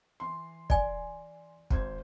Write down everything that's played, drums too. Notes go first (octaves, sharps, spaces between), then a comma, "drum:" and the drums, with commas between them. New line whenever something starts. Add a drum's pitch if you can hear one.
E3 C6
D5 G#5, drum: kick
G#1 C5 G#6, drum: kick